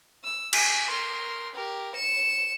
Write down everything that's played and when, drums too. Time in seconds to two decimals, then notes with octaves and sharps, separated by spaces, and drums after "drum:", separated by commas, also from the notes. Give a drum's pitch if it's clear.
0.24 E6
0.53 G#5 B6, drum: cymbal
0.89 A#4 C6
1.54 G4 A#4
1.94 C#7 E7